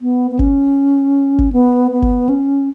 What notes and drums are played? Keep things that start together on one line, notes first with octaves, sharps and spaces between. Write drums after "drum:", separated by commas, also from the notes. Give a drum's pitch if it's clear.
B3
B3
C#4, drum: kick G1
drum: kick G1
B3
B3
drum: kick G1
C#4